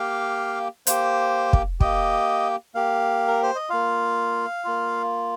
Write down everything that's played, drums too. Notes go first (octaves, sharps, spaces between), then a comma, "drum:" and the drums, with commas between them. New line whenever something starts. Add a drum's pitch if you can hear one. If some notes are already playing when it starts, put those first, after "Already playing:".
Already playing: A#3 G4 F5
A#3 G4 C5, drum: hi-hat
drum: kick
A#3 G4 D#5, drum: kick
A#3 G4 F5
A#4
C5
D#5
A#3 F4 F5
A#3 F4